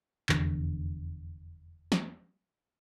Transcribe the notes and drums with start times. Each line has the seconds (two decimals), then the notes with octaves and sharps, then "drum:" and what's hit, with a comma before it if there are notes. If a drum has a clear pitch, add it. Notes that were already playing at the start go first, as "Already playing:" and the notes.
0.29 F1 E2 D3, drum: clap
1.92 drum: snare